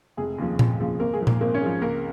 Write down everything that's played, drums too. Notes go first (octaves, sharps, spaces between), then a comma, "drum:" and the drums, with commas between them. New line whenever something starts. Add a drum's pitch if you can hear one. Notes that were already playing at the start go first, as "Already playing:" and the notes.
F1 G#3 G#4
D#2 C#3 F3
F1, drum: tom A#2
D#2 C#3 F3
G#1 A#3 A#4
G#3 G#4
G#2 F3
A#3 A#4, drum: tom A#2
G#1 A#3 A#4
C#4 C#5
G#2 F3
C#2 A#3 A#4